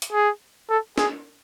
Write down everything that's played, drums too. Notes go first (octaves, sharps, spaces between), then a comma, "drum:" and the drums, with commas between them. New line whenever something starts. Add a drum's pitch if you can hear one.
drum: hi-hat
G#4
A4
G#4, drum: snare